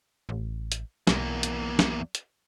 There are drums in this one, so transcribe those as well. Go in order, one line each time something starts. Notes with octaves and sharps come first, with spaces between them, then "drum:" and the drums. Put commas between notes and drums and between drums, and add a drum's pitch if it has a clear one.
A1
drum: hi-hat
B1 E2 A#3, drum: snare
drum: hi-hat
drum: snare
drum: hi-hat